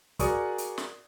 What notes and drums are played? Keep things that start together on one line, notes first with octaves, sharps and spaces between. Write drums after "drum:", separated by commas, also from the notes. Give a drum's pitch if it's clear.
F#4 G#4 A#4 D5 C#6 D#6, drum: kick, hi-hat
drum: hi-hat
drum: snare